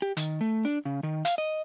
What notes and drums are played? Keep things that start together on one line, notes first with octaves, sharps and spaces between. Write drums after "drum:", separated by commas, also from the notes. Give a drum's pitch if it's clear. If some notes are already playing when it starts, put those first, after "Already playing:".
G4
D#3, drum: hi-hat
A3
D4
C#3
D#3
F5, drum: hi-hat
D#5